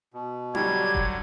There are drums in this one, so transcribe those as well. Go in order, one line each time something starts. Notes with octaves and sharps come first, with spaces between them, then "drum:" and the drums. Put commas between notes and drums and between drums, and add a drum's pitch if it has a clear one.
B2
D3 F#3 G3 G#6, drum: tom D#4
drum: kick D#1